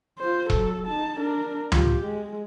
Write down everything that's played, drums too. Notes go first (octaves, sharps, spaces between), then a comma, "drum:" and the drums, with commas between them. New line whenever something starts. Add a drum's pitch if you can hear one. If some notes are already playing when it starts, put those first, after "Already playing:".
F4 C5
F#3 A4, drum: kick E1
D#4 A5
D4 A#4
F4 G4, drum: tom
G#3